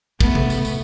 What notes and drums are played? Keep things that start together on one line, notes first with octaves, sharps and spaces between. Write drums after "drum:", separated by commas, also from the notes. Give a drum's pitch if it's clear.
A3 B3, drum: kick
drum: tom C3
drum: tambourine
drum: tambourine